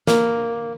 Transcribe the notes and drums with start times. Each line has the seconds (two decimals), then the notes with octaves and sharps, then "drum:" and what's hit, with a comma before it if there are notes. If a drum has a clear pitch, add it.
0.07 A#3, drum: snare